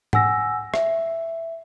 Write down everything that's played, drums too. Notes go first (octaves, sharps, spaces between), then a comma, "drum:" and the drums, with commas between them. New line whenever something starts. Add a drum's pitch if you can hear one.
F#5 G#5 E6 A#6, drum: tom
E5, drum: rim click